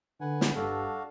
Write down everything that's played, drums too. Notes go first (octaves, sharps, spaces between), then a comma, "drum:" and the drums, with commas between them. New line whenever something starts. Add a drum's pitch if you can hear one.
D3 B4 F#5 G#5
drum: snare
G2 D4 F#4 A4 F5